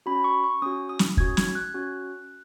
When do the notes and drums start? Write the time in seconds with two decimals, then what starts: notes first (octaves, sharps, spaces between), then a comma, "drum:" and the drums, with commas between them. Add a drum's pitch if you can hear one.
0.06 C#4 F#4 B5
0.24 C#6
0.44 C#6
0.62 C#4 F#4 D#6
0.89 D#6
0.99 drum: snare
1.17 C#4 F#4 G#6, drum: kick
1.37 G#6, drum: snare
1.55 F#6
1.74 C#4 F#4